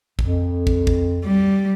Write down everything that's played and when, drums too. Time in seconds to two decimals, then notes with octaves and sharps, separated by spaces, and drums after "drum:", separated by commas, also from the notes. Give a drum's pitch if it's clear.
0.19 F2, drum: kick
0.67 drum: kick
0.87 drum: kick
1.25 G3